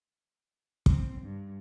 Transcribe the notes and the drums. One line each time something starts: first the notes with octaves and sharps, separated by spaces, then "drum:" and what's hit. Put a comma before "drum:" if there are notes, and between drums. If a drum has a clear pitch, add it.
C4, drum: kick
G2